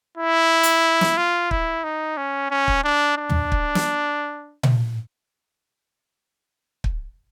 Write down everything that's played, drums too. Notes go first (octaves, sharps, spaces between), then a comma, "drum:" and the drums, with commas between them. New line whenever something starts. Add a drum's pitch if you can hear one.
E4
drum: hi-hat
drum: snare
F4
E4, drum: kick
D#4
C#4
C#4
drum: kick
D4
D4
drum: tom
drum: kick
drum: snare
drum: tom A#2
drum: kick